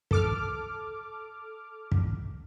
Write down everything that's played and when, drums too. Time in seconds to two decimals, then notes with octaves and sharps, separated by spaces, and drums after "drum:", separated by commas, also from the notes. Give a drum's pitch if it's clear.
0.11 A4 D6 F6, drum: kick
1.92 drum: kick